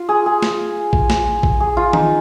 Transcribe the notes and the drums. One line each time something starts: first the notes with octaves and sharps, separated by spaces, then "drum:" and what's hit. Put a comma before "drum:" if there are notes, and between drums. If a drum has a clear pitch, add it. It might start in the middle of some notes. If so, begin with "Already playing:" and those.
Already playing: F4
G#4
G#4
drum: snare
drum: kick A1
drum: snare
drum: kick A1
G#4
F4
D#4, drum: tom D#3